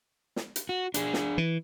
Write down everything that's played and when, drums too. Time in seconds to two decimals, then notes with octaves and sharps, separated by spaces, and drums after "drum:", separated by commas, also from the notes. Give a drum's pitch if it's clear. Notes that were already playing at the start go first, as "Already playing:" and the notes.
0.36 drum: snare
0.56 drum: hi-hat
0.69 F#4
0.94 D4 G#4, drum: hi-hat
1.14 drum: snare
1.38 E3